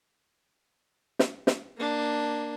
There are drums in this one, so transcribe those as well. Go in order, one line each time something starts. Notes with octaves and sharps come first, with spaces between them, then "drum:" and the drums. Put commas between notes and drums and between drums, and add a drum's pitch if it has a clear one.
drum: snare
drum: snare
A#3 D4